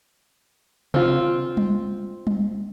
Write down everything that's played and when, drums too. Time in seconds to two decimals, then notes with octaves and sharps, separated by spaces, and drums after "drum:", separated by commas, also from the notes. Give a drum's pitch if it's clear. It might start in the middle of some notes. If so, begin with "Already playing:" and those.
0.94 C4 F4, drum: tom C3
1.57 drum: tom G3
2.27 drum: tom G3